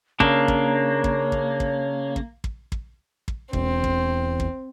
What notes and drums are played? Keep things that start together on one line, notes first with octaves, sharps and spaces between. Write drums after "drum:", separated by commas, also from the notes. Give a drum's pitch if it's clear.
C#3 A#3 D4 C#5, drum: kick
drum: kick
drum: kick
drum: kick
drum: kick
drum: kick
drum: kick
drum: kick
drum: kick
E1 C4, drum: kick
drum: kick
drum: kick